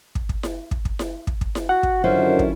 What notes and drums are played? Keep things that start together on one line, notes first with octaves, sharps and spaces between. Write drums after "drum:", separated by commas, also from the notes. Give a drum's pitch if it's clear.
drum: kick
drum: kick
drum: snare E4
drum: kick
drum: kick
drum: snare E4
drum: kick
drum: kick
drum: snare E4
F#4 F#5
drum: kick
F#2 D3 D#3 C#4 E4 F4 C5
drum: kick